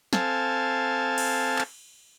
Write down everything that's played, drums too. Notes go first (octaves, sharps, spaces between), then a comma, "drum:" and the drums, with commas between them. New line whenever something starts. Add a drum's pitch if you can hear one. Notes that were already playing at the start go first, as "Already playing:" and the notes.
C4 A4 F5 G#5 A5, drum: snare
drum: cymbal
drum: clap